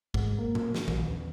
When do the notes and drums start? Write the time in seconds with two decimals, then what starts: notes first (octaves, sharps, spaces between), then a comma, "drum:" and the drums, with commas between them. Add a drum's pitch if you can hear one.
0.14 G#2, drum: kick
0.39 A#3
0.55 drum: tom A2
0.75 drum: snare
0.88 A#1, drum: tom D#3
1.08 E2